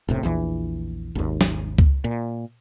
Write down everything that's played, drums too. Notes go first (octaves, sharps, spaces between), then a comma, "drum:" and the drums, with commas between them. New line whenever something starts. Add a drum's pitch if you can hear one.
E1 A2 C3
A#1 E2 E3
G#1 D#2
drum: snare
drum: kick C#2
A#2